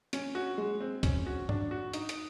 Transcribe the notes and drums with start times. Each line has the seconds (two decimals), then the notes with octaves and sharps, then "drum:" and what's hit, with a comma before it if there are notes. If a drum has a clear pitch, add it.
0.13 C#4, drum: hi-hat
0.35 F#4
0.58 G#3
0.80 C4
1.03 C#4, drum: kick, hi-hat
1.26 F#4
1.49 D4, drum: tom
1.71 F#4
1.93 D#4, drum: hi-hat
2.09 drum: hi-hat